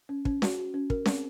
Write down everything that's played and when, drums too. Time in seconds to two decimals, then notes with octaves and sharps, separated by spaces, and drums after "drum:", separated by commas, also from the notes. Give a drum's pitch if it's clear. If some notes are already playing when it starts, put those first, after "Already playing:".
0.09 C#4
0.25 C#4, drum: kick
0.42 F#4, drum: snare C#4
0.58 F#4
0.74 C#4
0.90 A#4, drum: kick
1.06 C4, drum: snare C#4